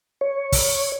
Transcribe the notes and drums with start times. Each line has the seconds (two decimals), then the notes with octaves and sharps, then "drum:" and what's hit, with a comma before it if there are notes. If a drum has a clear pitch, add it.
0.21 C#5
0.52 drum: kick, open hi-hat